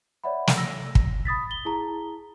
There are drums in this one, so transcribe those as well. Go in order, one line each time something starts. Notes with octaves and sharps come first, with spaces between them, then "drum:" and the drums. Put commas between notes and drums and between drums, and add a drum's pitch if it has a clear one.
C#5 D5 E5 F#5 B5
drum: snare
E6 A#6
drum: kick
B5 D#6 A6 B6
G7
E4 G#4 A5 A#5